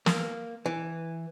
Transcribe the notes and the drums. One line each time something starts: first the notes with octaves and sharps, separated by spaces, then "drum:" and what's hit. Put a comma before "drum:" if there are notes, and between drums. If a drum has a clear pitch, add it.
A#3, drum: snare
E3